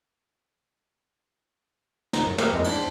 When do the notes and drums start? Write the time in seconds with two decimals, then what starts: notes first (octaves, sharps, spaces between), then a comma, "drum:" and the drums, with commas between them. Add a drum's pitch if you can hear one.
2.13 G#1 C#3 D#4 D#5, drum: snare
2.26 F#2 A#6
2.38 A#3 G4 G#4 A#4 B4 E5, drum: snare
2.53 F2 A2 G#3 A3 A#5
2.64 E2 G#2 D4 E4 C5, drum: cymbal